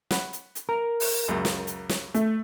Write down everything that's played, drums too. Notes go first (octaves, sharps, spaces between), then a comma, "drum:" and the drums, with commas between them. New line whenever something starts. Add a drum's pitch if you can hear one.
F#5 B5, drum: snare
drum: hi-hat
drum: hi-hat
A#4 A#5
drum: open hi-hat
C#2 F#2 C#3
drum: snare
drum: hi-hat
drum: snare
A3, drum: hi-hat